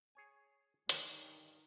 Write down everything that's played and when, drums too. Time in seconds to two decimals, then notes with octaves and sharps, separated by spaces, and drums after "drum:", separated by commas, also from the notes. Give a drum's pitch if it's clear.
0.15 G#4 C#5 G#5
0.89 G2 D#3 C#4 A4, drum: hi-hat